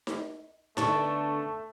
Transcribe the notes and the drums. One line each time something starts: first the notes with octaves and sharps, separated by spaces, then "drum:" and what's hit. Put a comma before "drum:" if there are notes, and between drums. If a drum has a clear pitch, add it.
drum: snare D#4
D3 A3 B3 D4 A5 C#6, drum: snare D#4